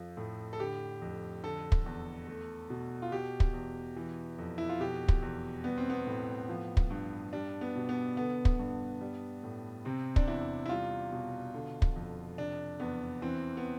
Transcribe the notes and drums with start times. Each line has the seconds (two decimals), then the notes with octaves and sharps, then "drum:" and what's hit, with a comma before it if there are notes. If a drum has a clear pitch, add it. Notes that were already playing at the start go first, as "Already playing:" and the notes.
Already playing: F2 F3
0.17 A2
0.53 A4
0.60 D3 G4
1.02 F2
1.43 D3 A4
1.72 drum: kick
1.86 E2
2.27 A3
2.70 B2
3.02 F4
3.12 B2 G4
3.40 drum: kick
3.54 E2
3.96 E3
4.39 F2
4.58 E4
4.69 F4
4.80 B2 G4
5.08 drum: kick
5.22 E2
5.64 G3 B3
5.78 C4
5.90 B3
6.07 A2
6.49 F3
6.77 drum: kick
6.91 G2
7.33 G3 D4
7.61 B3
7.76 B2
7.89 B3
8.17 D3 B3
8.45 drum: kick
8.59 G2
9.01 G3
9.44 A2
9.85 C3 C4
10.16 D4, drum: kick
10.28 E2 E4
10.66 E4
10.69 G3 F4
11.12 B2
11.54 D3
11.82 drum: kick
11.96 F2
12.38 C3 D4
12.80 E2 B3
13.22 E3 C4
13.57 B3